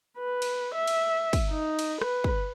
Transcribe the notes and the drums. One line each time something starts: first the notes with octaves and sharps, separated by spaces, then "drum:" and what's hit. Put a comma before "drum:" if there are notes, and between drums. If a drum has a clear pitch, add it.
B4
drum: cymbal
E5
drum: cymbal
drum: kick, cymbal
D#4
drum: cymbal
B4, drum: rim click
drum: kick